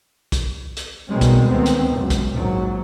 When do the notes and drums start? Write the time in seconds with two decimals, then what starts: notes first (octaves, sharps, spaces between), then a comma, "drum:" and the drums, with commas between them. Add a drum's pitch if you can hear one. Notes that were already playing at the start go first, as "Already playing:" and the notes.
0.32 drum: kick, hi-hat
0.77 drum: hi-hat
1.09 B2 D#3 G3 G#3 C4 C#4
1.21 drum: kick, hi-hat
1.46 D2 D#3 B3 C4
1.66 drum: hi-hat
1.88 C#2 F#2
2.10 drum: kick, hi-hat
2.33 A#1 D#2 G#2 F#3